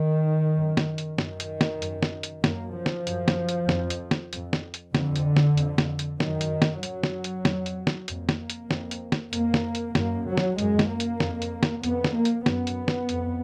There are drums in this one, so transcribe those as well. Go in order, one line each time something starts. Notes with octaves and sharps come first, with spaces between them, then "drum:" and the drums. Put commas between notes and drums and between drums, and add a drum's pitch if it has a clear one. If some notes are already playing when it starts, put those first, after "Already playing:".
Already playing: D#3
F#2
drum: snare
drum: hi-hat
F#2 D#3, drum: snare
drum: hi-hat
drum: snare
F#2, drum: hi-hat
drum: snare
drum: hi-hat
F#2 A#3, drum: snare
F3
drum: snare
F#2, drum: hi-hat
drum: snare
drum: hi-hat
F2, drum: snare
drum: hi-hat
drum: snare
F2, drum: hi-hat
drum: snare
drum: hi-hat
F2 D3, drum: snare
drum: hi-hat
drum: snare
F2, drum: hi-hat
drum: snare
drum: hi-hat
F#2 D#3, drum: snare
drum: hi-hat
drum: snare
F#2 F#3, drum: hi-hat
drum: snare
drum: hi-hat
F2, drum: snare
drum: hi-hat
drum: snare
F2 A#3, drum: hi-hat
drum: snare
drum: hi-hat
F2, drum: snare
drum: hi-hat
drum: snare
F2 A#3, drum: hi-hat
drum: snare
drum: hi-hat
F#2 A#3, drum: snare
F#3
drum: snare
F#2 G#3, drum: hi-hat
drum: snare
A#3
drum: hi-hat
F2, drum: snare
drum: hi-hat
drum: snare
F2 B3, drum: hi-hat
drum: snare
A#3
drum: hi-hat
F#2 B3, drum: snare
drum: hi-hat
drum: snare
F2, drum: hi-hat